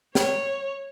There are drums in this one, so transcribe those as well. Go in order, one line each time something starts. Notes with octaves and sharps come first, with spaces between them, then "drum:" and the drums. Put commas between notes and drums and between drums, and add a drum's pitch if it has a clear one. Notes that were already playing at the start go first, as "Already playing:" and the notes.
C#5, drum: snare